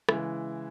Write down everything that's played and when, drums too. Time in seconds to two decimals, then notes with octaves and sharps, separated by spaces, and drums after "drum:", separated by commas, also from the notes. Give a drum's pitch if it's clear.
0.09 C#3 E3 G#3 E4, drum: rim click